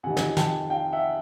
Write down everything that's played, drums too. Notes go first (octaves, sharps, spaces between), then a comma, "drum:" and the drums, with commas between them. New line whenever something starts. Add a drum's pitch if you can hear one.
F2 C3 D#3 F#5 G#5
drum: snare
G5 A5, drum: snare
F5 G5
E5 F#5